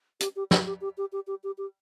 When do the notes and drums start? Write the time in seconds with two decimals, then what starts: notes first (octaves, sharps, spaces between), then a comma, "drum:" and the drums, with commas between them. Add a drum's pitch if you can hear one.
0.20 G4, drum: hi-hat
0.36 G4
0.51 G4, drum: snare
0.66 G4
0.81 G4
0.98 G4
1.12 G4
1.27 G4
1.44 G4
1.58 G4